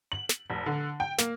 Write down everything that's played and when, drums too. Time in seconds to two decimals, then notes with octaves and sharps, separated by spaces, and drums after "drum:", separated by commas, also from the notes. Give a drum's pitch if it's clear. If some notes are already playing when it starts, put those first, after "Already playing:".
0.12 F#7
0.29 drum: snare
0.50 F1
0.66 D3
1.00 G5
1.18 A#3, drum: snare